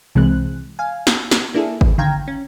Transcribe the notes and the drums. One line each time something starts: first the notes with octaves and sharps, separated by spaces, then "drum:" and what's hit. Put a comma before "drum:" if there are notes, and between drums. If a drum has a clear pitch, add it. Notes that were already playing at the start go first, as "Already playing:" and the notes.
C2 C3 E3 G#3 C4 F#6
F5 G#5
drum: snare
drum: snare
A#3 D4 E4 G#4 A4
drum: kick G#1
D3 D#3 F5 G5 A#5 G#6
C#4